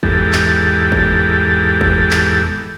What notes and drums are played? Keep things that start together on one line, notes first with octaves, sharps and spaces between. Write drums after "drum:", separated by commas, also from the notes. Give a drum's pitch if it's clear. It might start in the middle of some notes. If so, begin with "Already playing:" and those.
E2 G#2 G4 A4, drum: kick
drum: clap
drum: kick
drum: kick
drum: clap